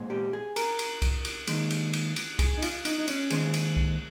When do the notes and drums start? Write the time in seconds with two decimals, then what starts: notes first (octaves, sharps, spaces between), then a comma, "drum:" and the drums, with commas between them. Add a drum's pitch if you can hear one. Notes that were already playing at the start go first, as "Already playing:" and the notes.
Already playing: A#2 G#3 C4
0.10 G4
0.33 G#4
0.56 A#4, drum: cymbal
0.79 drum: cymbal
1.02 drum: kick, cymbal
1.25 drum: cymbal
1.47 D#2 D#3 G#3, drum: cymbal
1.70 drum: cymbal
1.93 drum: cymbal
2.16 drum: cymbal
2.39 G#4, drum: kick, cymbal
2.58 D#4
2.62 F4, drum: cymbal
2.85 D#4, drum: cymbal
2.98 D#4
3.08 C#4, drum: cymbal
3.30 D#2 D#3 G#3 C4 G#4, drum: cymbal
3.54 drum: cymbal
3.76 drum: kick